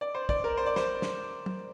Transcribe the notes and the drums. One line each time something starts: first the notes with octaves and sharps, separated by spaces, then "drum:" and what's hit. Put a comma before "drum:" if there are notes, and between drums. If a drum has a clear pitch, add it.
D5
C5
D5, drum: kick
A#4
C5
D5
C5, drum: snare
drum: snare
drum: tom